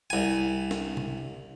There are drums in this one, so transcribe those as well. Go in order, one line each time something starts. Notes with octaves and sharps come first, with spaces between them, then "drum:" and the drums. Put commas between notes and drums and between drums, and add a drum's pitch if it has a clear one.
C2 G#5
drum: snare
drum: tom C3